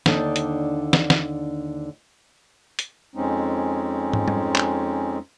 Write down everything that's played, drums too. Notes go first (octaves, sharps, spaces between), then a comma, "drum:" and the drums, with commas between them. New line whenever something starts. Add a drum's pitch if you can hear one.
D#2 D3 D4 D#4, drum: snare
drum: hi-hat
drum: snare
drum: snare
drum: hi-hat
F2 G#3 C4 C#4 D#4
drum: tom
drum: tom
drum: clap